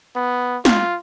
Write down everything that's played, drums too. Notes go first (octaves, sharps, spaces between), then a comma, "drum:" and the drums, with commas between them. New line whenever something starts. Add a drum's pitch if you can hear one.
B3
F4, drum: snare